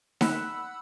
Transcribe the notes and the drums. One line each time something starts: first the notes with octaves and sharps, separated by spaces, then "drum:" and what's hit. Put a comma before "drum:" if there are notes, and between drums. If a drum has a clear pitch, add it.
F#5 B5 E6 F#6, drum: snare D#4